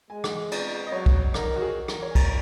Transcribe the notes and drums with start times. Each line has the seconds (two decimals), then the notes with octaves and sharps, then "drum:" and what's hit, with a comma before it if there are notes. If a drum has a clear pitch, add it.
0.10 G#3 G#5
0.24 drum: rim click
0.52 D#5, drum: cymbal
0.87 D#5
0.92 F#3 C#5
1.06 drum: kick
1.34 D#3 A#4, drum: rim click
1.56 F#4
1.62 G#4
1.88 A#4, drum: rim click
2.02 C#5
2.11 G#5
2.15 A#5, drum: kick, cymbal